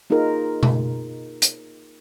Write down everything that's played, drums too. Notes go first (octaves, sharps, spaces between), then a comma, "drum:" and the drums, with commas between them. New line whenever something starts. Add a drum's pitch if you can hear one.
A#3 D#4 F4 G#4 A#4
drum: tom B2
drum: hi-hat